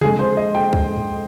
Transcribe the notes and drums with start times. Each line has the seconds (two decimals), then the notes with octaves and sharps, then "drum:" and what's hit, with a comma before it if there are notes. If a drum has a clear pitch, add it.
0.01 F2 D3 G#3 G#4, drum: tom C3
0.19 C5
0.37 D#5
0.55 G5
0.73 drum: kick C#2
0.96 drum: tom G#2